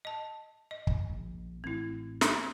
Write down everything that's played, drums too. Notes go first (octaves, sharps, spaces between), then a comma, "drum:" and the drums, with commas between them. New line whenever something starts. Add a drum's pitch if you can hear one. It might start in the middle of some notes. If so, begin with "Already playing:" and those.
D#5 A5
D#5
drum: kick
A#1
A1 C4 E4
drum: snare